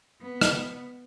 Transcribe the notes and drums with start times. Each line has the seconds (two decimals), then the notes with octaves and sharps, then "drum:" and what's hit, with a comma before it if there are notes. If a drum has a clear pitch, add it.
0.22 B3
0.41 drum: rim click